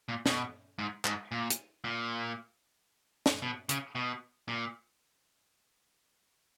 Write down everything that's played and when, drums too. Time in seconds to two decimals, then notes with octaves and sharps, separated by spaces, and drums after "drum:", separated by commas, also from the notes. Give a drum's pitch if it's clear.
0.09 A#2
0.26 B2, drum: snare
0.79 G#2
1.05 G#2, drum: clap
1.32 A#2
1.50 drum: hi-hat
1.84 A#2
3.26 drum: snare
3.42 B2
3.69 C#3, drum: hi-hat
3.95 B2
4.48 A#2